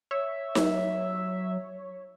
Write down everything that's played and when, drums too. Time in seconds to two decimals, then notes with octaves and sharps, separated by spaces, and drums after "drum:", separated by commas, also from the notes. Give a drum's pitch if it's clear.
0.11 C#5 E5
0.55 F#3, drum: snare D#4